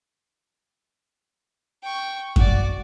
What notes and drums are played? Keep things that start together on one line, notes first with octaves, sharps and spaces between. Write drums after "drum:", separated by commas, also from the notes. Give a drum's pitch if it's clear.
G5 C#6
F#4 D5, drum: kick F#2